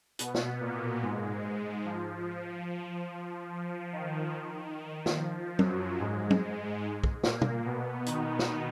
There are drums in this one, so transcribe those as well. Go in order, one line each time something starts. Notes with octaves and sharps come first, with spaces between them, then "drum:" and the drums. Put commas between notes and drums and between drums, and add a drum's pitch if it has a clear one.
B2 B3, drum: hi-hat
drum: snare
A#2 A#3
G#2 G#3
F3
F3
D#3
drum: snare
F3
F#2 F#3, drum: tom
G#2 G#3
drum: tom
drum: kick
A#2 A#3, drum: snare
drum: tom
B2 B3
D#3 D#4, drum: hi-hat
drum: snare